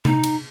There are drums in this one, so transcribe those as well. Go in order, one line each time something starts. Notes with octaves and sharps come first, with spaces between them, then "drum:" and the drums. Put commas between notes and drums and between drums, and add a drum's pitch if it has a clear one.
D#4, drum: tom C3
drum: cymbal